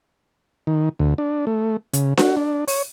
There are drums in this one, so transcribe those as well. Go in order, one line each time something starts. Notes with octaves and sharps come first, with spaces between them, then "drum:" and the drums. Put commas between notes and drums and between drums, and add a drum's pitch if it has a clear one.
D#3
D2
D4
A3
C#3, drum: hi-hat
F#4, drum: snare D4
D4
C#5, drum: open hi-hat